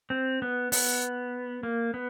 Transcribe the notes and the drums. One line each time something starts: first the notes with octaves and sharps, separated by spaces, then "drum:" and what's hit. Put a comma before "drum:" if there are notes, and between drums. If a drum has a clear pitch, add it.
C4
B3
B3, drum: open hi-hat
A#3
B3